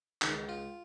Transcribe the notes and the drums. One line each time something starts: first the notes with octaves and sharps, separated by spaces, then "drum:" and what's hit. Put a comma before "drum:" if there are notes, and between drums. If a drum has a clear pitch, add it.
C#2 D#3, drum: clap
F4